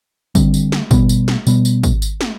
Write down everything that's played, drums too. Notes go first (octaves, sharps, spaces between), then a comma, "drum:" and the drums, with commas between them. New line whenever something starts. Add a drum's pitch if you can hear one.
D3 G3 C4, drum: kick, tambourine
drum: tambourine
drum: snare
B2 G3 B3, drum: kick, tambourine
drum: tambourine
drum: snare
B2 G3 B3, drum: tambourine
drum: tambourine
drum: kick, tambourine
drum: tambourine
drum: snare